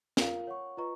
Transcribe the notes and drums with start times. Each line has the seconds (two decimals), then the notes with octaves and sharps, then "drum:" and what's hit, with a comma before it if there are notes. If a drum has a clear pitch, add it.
0.17 F4 A#4 F5, drum: snare
0.47 C#5 F#5 C#6
0.77 F4 B4 D#5 A#5 C#6